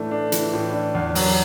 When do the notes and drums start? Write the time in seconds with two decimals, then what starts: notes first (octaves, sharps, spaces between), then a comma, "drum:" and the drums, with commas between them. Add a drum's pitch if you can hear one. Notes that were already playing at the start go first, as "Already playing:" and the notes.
Already playing: A2 E3 A3 D4
0.11 D4
0.32 E3, drum: hi-hat
0.53 A2
0.73 D4
0.95 E2
1.15 F#3, drum: open hi-hat